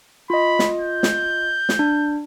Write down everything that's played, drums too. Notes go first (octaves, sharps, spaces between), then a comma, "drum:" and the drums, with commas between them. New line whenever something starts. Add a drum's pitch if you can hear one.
F4 D#5 B5
drum: snare
G6
drum: snare
drum: snare
D4